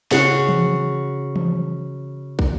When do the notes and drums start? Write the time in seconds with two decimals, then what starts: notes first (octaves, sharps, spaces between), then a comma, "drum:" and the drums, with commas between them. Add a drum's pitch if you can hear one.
0.11 C#3 F#4 F#5 C6, drum: snare
0.49 drum: tom E3
1.36 drum: tom E3
2.39 drum: kick